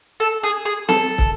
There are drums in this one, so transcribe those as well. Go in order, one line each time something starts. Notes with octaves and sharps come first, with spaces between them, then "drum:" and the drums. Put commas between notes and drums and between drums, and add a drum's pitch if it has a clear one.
A4
G#4
G#4
A4, drum: snare C4
drum: kick, hi-hat